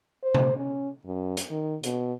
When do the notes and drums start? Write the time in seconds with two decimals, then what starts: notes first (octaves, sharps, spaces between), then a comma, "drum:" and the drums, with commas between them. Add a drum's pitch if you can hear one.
0.24 C5
0.35 drum: tom C3
0.57 C#4
1.06 F#2
1.37 drum: hi-hat
1.51 D#3
1.83 B2, drum: hi-hat